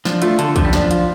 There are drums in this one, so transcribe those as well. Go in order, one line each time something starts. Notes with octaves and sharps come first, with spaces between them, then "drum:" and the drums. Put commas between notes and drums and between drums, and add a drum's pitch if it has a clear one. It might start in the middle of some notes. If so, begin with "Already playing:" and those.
F3 D4, drum: snare
A3 F4, drum: hi-hat
D3 A4, drum: hi-hat
F3 D4, drum: kick, hi-hat
G3
F3 D4, drum: snare
F4, drum: hi-hat